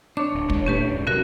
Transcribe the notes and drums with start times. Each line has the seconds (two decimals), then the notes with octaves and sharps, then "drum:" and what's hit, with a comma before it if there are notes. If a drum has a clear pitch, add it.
0.17 D4 C#5 D6
0.35 D1
0.50 D#2 G#3, drum: kick
0.66 A#2 A3 C#4 G4 B4
0.90 D#1 G#2
1.07 C3 F#3 C#4 F#4 A#4